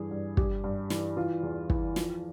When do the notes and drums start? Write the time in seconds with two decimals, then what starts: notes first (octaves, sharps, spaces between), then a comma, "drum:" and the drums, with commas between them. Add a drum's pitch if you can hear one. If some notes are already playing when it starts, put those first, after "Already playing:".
Already playing: G2 E3 G#4
0.11 G2
0.37 G2 G4, drum: kick
0.64 G2
0.90 E3, drum: snare
1.17 E3 F4
1.43 E2
1.70 E3, drum: kick
1.96 F3, drum: snare